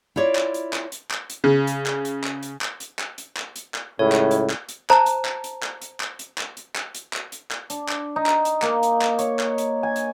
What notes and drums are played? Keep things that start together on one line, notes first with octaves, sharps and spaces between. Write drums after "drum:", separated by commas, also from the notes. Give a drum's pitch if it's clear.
E4 F4 C#5 D5
drum: clap
drum: hi-hat
drum: clap
drum: hi-hat
drum: clap
drum: hi-hat
C#3
drum: hi-hat
drum: clap
drum: hi-hat
drum: clap
drum: hi-hat
drum: clap
drum: hi-hat
drum: clap
drum: hi-hat
drum: clap
drum: hi-hat
drum: clap
C#2 A2 C#3 C#5
drum: clap
drum: hi-hat
drum: clap
drum: hi-hat
C5 A5 A#5, drum: clap
drum: hi-hat
drum: clap
drum: hi-hat
drum: clap
drum: hi-hat
drum: clap
drum: hi-hat
drum: clap
drum: hi-hat
drum: clap
drum: hi-hat
drum: clap
drum: hi-hat
drum: clap
D4, drum: hi-hat
drum: clap
D#4
drum: clap
drum: hi-hat
A#3, drum: clap
drum: hi-hat
drum: clap
C#5, drum: hi-hat
drum: clap
drum: hi-hat
G#5
drum: hi-hat